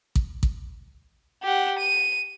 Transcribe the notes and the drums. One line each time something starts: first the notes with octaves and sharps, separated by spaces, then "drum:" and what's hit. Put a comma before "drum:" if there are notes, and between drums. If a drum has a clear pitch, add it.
drum: kick A1
drum: kick A1
G4 F#5
D#7